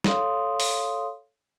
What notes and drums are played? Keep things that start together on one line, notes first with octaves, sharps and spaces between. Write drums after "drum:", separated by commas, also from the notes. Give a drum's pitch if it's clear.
A4 C#5 F5 C6 D#6, drum: snare
drum: open hi-hat